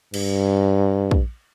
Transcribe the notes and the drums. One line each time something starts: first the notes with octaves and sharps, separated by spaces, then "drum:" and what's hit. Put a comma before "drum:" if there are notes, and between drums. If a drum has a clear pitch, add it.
G2, drum: cymbal
drum: kick